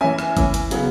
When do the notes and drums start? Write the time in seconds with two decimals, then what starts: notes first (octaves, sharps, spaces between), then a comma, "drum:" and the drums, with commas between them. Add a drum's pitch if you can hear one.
0.01 E3 C#4 E5 G#5
0.19 drum: rim click
0.37 E3 C#4, drum: kick G#1, hi-hat
0.54 drum: hi-hat
0.71 C#3 F#3 B3, drum: hi-hat